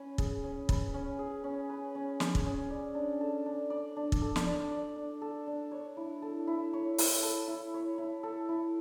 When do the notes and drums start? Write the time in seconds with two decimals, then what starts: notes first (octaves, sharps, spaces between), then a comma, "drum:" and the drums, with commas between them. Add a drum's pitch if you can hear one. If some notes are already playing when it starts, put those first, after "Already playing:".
Already playing: C#4 B4
0.18 G#4, drum: kick
0.43 C#4
0.69 B4, drum: kick
0.94 C#4
1.19 G#4
1.44 C#4
1.69 B4
1.95 C#4
2.20 G#4, drum: snare
2.35 drum: kick
2.46 C#4
2.70 D5
2.95 D4
3.21 A4
3.46 D4
3.70 D5
3.97 D4
4.12 drum: kick
4.22 A4
4.36 drum: snare
4.46 D4
4.72 D5
4.96 D4
5.22 A4
5.47 D4
5.71 C#5
5.97 E4
6.22 A4
6.47 E4
6.73 C#5
6.98 E4, drum: open hi-hat
7.23 A4
7.48 E4
7.74 C#5
7.98 E4
8.23 A4
8.49 E4